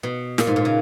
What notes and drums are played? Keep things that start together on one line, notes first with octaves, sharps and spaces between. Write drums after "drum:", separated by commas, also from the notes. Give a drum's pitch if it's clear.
B2
A#2, drum: snare
G#2
A#2
C#3